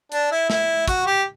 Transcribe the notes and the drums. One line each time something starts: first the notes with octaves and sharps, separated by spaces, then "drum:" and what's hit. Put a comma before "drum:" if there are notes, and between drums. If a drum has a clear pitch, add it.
D4, drum: hi-hat
E4
E4, drum: snare
F#4, drum: kick, hi-hat
G4